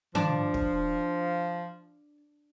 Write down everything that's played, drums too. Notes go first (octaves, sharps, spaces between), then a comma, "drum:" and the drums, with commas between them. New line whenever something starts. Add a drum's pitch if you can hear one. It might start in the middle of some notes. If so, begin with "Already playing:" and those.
F3 D4, drum: tom D#3
drum: kick